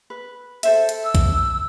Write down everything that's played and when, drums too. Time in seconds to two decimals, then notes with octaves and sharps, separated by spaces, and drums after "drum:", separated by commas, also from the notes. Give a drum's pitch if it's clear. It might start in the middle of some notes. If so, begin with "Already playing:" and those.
0.10 B4
0.63 A4 C5 E5, drum: hi-hat
0.89 drum: hi-hat
1.03 E6
1.15 drum: kick B1, hi-hat